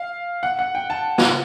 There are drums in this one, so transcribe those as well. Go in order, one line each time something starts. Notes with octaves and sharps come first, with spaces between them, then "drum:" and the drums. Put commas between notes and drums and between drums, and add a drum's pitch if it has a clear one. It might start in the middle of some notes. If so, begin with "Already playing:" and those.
Already playing: F5
F#5
F#5
G5
A5
drum: snare